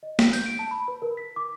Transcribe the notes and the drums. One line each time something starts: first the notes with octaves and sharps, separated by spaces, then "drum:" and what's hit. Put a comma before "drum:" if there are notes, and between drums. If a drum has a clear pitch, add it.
D#5
B6, drum: snare
G6, drum: tambourine
D7
A5
B5
B4
A#4
B6
D6